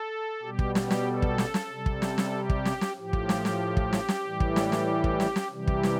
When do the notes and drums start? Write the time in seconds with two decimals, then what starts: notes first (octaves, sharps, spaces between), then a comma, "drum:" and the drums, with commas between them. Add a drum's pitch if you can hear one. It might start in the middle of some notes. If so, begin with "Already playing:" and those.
Already playing: A4
0.43 B2 G3 G4
0.59 drum: kick
0.75 G4, drum: snare
0.91 drum: snare
1.07 A4
1.22 drum: kick
1.38 drum: snare
1.54 drum: snare
1.71 C3 G3
1.86 drum: kick
2.02 drum: snare
2.18 drum: snare
2.33 G4
2.50 drum: kick
2.65 drum: snare
2.81 drum: snare
2.97 A2 F3 G4
3.13 drum: kick
3.29 drum: snare
3.45 drum: snare
3.77 drum: kick
3.93 drum: snare
4.09 drum: snare
4.24 A2 E3 G3
4.40 drum: kick
4.56 drum: snare
4.72 drum: snare
5.04 drum: kick
5.20 drum: snare
5.36 drum: snare
5.51 C3 E3 G3 G4
5.67 drum: kick
5.83 drum: snare